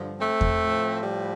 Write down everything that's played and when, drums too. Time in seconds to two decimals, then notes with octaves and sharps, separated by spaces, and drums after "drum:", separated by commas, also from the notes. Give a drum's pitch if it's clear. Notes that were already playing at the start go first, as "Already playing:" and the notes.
Already playing: G2 D3 F3
0.20 A3 C4
0.41 drum: kick E2
0.61 A2 F3
1.03 G3